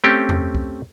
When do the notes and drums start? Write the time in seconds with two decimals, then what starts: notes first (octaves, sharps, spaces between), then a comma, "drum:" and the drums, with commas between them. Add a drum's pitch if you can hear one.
0.04 A3 C4 C#4 G4
0.29 drum: tom E2
0.55 drum: kick C2